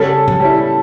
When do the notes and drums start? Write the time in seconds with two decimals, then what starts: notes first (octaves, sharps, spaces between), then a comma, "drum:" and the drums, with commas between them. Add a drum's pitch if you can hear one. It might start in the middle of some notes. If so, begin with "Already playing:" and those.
Already playing: C#3 G3 C#4 A4
0.28 drum: tom A2
0.40 G3 C#4 E4